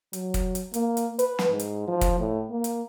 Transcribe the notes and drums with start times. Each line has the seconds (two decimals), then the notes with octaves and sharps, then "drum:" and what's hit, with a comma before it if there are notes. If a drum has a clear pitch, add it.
0.13 F#3, drum: hi-hat
0.34 drum: kick, hi-hat
0.55 drum: hi-hat
0.74 A#3, drum: hi-hat
0.97 drum: hi-hat
1.19 B4, drum: hi-hat
1.39 drum: snare
1.50 G#2
1.59 drum: hi-hat
1.88 F3
2.01 drum: kick, hi-hat
2.19 A2
2.50 A#3
2.64 drum: hi-hat